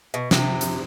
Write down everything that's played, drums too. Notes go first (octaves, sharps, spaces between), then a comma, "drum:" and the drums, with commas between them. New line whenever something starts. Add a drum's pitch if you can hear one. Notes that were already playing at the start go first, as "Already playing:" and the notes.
B2
C3, drum: snare
drum: hi-hat